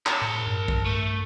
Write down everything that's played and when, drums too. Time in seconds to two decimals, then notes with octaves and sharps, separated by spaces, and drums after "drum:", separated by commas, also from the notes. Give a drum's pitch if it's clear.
0.06 A#4 A5, drum: clap
0.22 A2
0.47 G2
0.68 drum: kick
0.87 A3